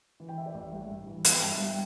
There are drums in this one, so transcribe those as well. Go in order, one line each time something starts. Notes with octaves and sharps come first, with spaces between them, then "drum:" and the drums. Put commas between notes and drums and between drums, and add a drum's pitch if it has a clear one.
E3
G5
E3 E5
D5
A1 E5
G3
G2
E3
B3 F5, drum: hi-hat
G5
G2 A5
E5
G3
G5